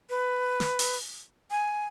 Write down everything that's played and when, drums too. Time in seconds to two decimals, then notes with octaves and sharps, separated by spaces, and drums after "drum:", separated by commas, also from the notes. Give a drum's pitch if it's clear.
0.10 B4
0.60 drum: snare
0.79 drum: open hi-hat
1.51 G#5